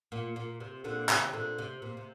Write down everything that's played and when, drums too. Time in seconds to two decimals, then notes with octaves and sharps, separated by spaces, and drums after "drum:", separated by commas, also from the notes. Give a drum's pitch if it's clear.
0.12 A#2
0.36 A#2
0.60 C3
0.84 A#2 D3
1.09 C3 D#3, drum: clap
1.33 A#2 D3
1.58 C3
1.82 A#2
1.97 C3